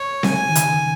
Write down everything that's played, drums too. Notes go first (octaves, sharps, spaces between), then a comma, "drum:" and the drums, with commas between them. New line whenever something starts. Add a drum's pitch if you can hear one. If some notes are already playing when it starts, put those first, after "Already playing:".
Already playing: C#5
G#5, drum: snare C4
D#3
C#3, drum: hi-hat